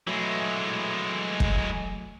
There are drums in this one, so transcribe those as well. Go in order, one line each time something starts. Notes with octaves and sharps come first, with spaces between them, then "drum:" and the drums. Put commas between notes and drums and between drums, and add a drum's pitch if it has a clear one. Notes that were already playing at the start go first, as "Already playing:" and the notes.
E3 F#3 G#3 A3
drum: kick